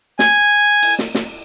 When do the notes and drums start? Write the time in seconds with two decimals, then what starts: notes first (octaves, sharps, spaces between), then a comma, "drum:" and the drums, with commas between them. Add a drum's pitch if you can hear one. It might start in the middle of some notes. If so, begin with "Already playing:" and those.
0.19 G#5, drum: snare
0.83 drum: cymbal
0.99 drum: snare
1.15 drum: snare